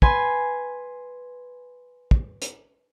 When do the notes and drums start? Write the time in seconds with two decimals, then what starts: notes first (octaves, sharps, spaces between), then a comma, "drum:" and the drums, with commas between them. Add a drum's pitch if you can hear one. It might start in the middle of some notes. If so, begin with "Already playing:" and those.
0.02 B4 G#5 C6, drum: kick
2.11 drum: kick
2.42 drum: hi-hat